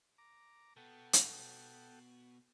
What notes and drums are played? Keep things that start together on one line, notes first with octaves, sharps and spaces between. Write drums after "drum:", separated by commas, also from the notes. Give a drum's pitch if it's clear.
A#5 D6
B2 B3 A4 F#5 G5
drum: hi-hat